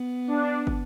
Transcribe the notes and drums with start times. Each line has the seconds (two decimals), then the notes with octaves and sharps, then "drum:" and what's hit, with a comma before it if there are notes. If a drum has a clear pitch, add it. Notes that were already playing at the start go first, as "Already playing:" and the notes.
Already playing: B3
0.27 D4
0.67 drum: kick